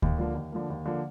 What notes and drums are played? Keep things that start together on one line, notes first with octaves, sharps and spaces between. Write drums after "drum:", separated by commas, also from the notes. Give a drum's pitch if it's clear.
D#2, drum: kick D2
D3 F3 A#3
D#2
D3 F3 A#3
D#2
D3 F3 A#3